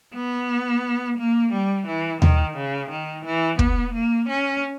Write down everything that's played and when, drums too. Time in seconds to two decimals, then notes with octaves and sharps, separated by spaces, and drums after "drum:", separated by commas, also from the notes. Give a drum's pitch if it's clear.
0.15 B3
1.18 A#3
1.52 G3
1.87 E3
2.22 D#3, drum: tom D#2
2.56 C#3
2.90 D#3
3.25 E3
3.59 B3, drum: kick
3.94 A#3
4.29 C#4